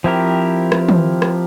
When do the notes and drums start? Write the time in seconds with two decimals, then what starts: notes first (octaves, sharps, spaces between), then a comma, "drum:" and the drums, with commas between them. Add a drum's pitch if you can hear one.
0.04 F3 C4 E4 G4 A#4
0.72 drum: rim click
0.89 drum: tom
1.22 drum: rim click